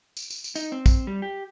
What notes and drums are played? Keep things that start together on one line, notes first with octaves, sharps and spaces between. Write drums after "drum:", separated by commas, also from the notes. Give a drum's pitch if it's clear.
drum: tambourine
drum: tambourine
drum: tambourine
D#4, drum: tambourine
C4
drum: kick, tambourine
G3
G4